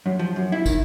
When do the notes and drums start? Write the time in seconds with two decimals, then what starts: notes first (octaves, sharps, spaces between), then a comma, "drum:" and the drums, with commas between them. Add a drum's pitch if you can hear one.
0.06 F#2
0.19 F3
0.36 F#2
0.52 E4
0.66 D#3, drum: kick, tambourine